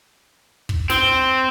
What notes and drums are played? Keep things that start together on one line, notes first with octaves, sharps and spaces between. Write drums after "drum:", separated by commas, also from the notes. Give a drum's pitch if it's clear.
drum: kick
C4, drum: snare